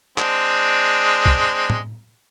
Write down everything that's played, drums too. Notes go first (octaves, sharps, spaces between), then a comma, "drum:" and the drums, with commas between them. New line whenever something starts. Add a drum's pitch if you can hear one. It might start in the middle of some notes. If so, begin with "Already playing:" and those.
G#3 C4 D4, drum: clap
drum: kick
drum: tom A2